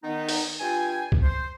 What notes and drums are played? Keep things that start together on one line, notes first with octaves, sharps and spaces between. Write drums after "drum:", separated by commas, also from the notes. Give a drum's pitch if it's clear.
D#3 B3 D#4
drum: open hi-hat
G2 F4 G5 G#5
drum: kick
C5